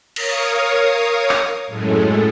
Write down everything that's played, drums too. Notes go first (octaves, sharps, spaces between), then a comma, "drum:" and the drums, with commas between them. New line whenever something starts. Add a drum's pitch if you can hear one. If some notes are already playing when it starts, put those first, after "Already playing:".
A#4 C#5 F5 D#6, drum: cymbal
drum: clap
F#2 A2 G#3 A3